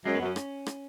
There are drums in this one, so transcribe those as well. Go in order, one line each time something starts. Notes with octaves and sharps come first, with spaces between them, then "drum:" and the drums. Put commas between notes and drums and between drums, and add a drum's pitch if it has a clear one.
F#2 G#3
B3
F#2 C#4
drum: rim click
drum: rim click